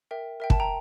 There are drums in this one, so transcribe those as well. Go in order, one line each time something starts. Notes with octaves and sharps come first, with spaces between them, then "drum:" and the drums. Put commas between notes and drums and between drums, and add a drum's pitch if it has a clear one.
A#4 E5 G5
A#4 E5 G5
A5, drum: kick
G5 A#5